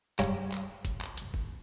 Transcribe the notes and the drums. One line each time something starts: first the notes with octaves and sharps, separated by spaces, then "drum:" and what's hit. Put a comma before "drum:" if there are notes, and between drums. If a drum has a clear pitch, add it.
G2 C#5 G5 A#5, drum: clap
drum: clap
drum: kick F#1, hi-hat
drum: clap
drum: hi-hat
drum: kick F#1